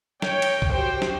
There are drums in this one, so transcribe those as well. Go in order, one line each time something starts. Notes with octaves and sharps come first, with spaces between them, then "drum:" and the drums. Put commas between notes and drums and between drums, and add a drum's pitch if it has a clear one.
C#5 G5, drum: snare
drum: cymbal
drum: kick C2
F#4 G4 C5 G5
drum: snare